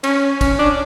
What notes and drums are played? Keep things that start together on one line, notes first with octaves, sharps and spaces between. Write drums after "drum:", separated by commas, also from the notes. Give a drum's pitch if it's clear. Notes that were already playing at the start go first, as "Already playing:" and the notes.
C#4, drum: cymbal
C#4, drum: kick, cymbal
D4